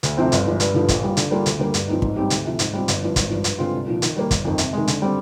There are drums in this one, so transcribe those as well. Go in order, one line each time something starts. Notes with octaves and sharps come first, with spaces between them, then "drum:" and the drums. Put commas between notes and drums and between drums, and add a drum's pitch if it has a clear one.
D2, drum: hi-hat
C3 F3 C4
G1, drum: hi-hat
G2 F3 G#3
G2, drum: hi-hat
D3 F3
A#1, drum: kick, hi-hat
A#2 G3
D3, drum: hi-hat
G3 A#3 D4 F4
D2, drum: hi-hat
D3 G3 A#3
G2, drum: hi-hat
F3 C4 D#4
G#2, drum: kick
G3 C4 D#4 G4
D2, drum: hi-hat
C3 F3
G#2, drum: hi-hat
G3 C4 F4
G1, drum: hi-hat
G2 F3
G#1, drum: kick, hi-hat
G2 F3
G2, drum: hi-hat
D3 G#3 C4 F4
C2
A#2 F3
D#3, drum: hi-hat
G3 A#3
G1, drum: kick, hi-hat
F2 D#3
C3, drum: hi-hat
D#3 G#3
D3, drum: hi-hat
G3 C4